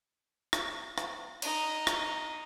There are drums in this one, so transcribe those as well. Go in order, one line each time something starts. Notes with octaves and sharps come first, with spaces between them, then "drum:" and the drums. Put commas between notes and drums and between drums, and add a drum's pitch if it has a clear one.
drum: rim click
drum: rim click
D#4, drum: cymbal
drum: rim click